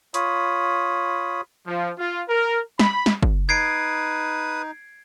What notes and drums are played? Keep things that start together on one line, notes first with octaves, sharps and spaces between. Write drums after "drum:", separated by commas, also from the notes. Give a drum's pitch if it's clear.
F4 C#5 B5 D#6, drum: hi-hat
F3
F4
A#4
B5, drum: snare
drum: snare
drum: kick
D#4 B4 D#6 G#6 C7 D7